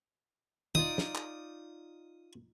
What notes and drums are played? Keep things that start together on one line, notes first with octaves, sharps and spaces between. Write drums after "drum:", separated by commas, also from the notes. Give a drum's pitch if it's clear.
D#4 F4 D5 D#6, drum: tom
drum: snare
drum: clap